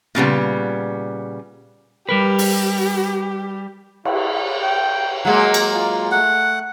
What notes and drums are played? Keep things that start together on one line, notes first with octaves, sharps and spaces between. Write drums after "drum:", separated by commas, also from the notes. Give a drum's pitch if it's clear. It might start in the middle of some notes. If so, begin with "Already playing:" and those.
A#2 C#3 G3 B3
G3 G4 A#4 B4
drum: open hi-hat
E4, drum: cymbal
G5
F#3 G#3 A#3 F#5
drum: cymbal
F4
A3 F#5